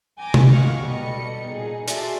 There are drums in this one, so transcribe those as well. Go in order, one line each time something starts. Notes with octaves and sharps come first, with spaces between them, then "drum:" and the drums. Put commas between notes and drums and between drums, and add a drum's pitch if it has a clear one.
G5 G#5 A#5 D6
drum: tom
D#5 F5 F#5 C#6 F6
B2 G3 A4 D#5 C#7
A#2 D#4 G#4
F#4 A4 D5 E5 G#5 C6, drum: hi-hat